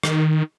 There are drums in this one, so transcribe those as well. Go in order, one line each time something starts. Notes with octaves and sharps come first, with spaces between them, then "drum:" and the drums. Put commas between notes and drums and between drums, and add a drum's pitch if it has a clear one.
D#3, drum: rim click